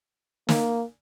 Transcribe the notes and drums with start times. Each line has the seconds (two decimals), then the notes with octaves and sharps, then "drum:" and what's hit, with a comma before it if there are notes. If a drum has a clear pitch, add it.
0.49 A#3, drum: snare